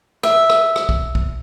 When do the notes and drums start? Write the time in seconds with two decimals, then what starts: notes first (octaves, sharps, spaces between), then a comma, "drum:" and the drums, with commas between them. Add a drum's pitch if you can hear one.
0.23 E5, drum: rim click
0.50 drum: rim click
0.76 drum: rim click
0.89 drum: kick B1
1.15 drum: kick B1